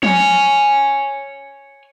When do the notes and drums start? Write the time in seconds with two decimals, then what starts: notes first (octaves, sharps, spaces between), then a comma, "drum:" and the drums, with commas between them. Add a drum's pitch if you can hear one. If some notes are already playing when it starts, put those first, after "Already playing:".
0.03 C#5 G#5, drum: tom F3